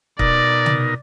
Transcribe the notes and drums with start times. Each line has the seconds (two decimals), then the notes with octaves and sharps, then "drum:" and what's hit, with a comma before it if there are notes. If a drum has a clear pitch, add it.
0.19 B2 D#4 A#4 D5, drum: kick
0.66 drum: tom